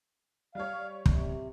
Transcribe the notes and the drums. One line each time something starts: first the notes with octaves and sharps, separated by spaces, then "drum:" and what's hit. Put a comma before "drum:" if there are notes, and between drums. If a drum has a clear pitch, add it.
G3 C#5 F5
C3, drum: kick